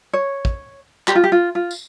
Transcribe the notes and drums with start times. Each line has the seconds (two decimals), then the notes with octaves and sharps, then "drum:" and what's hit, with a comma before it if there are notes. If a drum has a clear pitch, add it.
0.13 C#5
0.45 drum: kick
1.08 G4, drum: clap
1.15 F4
1.24 G4
1.32 F4
1.55 F4
1.71 drum: tambourine